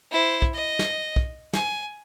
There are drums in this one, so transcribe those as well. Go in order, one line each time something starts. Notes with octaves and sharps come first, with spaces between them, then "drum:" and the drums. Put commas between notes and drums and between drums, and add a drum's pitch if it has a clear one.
E4 C5
drum: kick
D#5
drum: snare
drum: kick
G#5, drum: snare